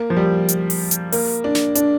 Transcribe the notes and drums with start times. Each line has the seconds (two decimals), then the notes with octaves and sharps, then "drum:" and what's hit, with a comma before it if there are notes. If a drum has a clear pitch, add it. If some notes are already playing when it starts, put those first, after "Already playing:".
Already playing: A#3
0.10 F3
0.17 G3
0.49 drum: hi-hat
0.70 drum: open hi-hat
0.91 drum: hi-hat
1.12 A#3, drum: open hi-hat
1.44 D4
1.55 drum: snare
1.75 D4, drum: hi-hat